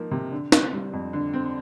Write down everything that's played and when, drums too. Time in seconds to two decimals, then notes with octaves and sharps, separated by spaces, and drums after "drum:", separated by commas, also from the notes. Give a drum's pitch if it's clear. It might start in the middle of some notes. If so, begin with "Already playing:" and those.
Already playing: F3 A#3 D#4
0.11 C3
0.31 D3
0.52 C4, drum: snare
0.73 G3
0.93 F2
1.13 D3
1.33 C4